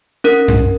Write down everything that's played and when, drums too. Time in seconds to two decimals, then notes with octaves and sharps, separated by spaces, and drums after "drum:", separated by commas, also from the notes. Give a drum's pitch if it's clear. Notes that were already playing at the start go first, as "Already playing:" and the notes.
0.24 C#4 A#4
0.48 drum: tom F#2